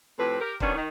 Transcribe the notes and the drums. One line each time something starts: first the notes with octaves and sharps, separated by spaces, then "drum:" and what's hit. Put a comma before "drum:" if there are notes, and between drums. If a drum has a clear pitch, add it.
F2 A2 C4 G4 B4
G4 A#4
C3 D#3 F#3 B3 C#4 D4, drum: kick
D#3